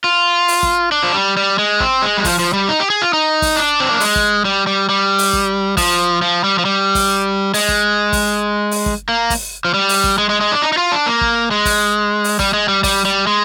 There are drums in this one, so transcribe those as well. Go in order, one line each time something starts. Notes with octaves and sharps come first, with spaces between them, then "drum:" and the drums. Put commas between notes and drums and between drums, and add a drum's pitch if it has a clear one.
F4
drum: open hi-hat
drum: kick
D4
F3
G3
G3
G#3
C4, drum: kick
G#3
G3
F3, drum: kick, open hi-hat
F3
G3
D#4
G4
G#4
F4
D#4
drum: kick, open hi-hat
D4
C4
A#3
G#3, drum: open hi-hat
drum: kick
G3
G3
G3
drum: open hi-hat
drum: kick
F3, drum: kick, open hi-hat
F3
G3
F3
G3
drum: kick, open hi-hat
G#3, drum: open hi-hat
drum: kick
drum: kick, open hi-hat
drum: open hi-hat
drum: kick
A#3
drum: kick, open hi-hat
F3
G3
drum: open hi-hat
drum: kick
G#3
G#3
G#3
D4
D#4
D#4
F4
D4
A#3
drum: kick
G#3
drum: kick, open hi-hat
drum: open hi-hat
G3, drum: kick
G#3
G3
G3, drum: kick, open hi-hat
G3
G#3